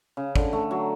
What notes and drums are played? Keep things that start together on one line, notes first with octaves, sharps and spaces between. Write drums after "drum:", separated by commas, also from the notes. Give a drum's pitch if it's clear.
C#3
D3, drum: kick
A3
F#3